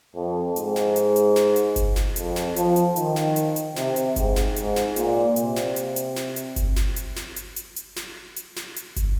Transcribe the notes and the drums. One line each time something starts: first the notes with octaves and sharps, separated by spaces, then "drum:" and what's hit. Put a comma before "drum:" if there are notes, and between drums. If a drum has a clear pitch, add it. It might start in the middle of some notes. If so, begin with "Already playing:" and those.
F2
G#2, drum: hi-hat
drum: snare
drum: hi-hat
drum: hi-hat
drum: snare
drum: hi-hat
drum: kick G1, hi-hat
drum: snare
F2, drum: hi-hat
drum: snare
F3, drum: hi-hat
drum: hi-hat
D#3, drum: hi-hat
drum: snare
drum: hi-hat
drum: hi-hat
C3, drum: snare
drum: hi-hat
G#2, drum: kick G1, hi-hat
drum: snare
G#2, drum: hi-hat
drum: snare
A#2, drum: hi-hat
C3, drum: hi-hat
drum: snare
drum: hi-hat
drum: hi-hat
drum: snare
drum: hi-hat
drum: kick G1, hi-hat
drum: snare
drum: hi-hat
drum: snare
drum: hi-hat
drum: hi-hat
drum: hi-hat
drum: snare
drum: hi-hat
drum: snare
drum: hi-hat
drum: kick G1, hi-hat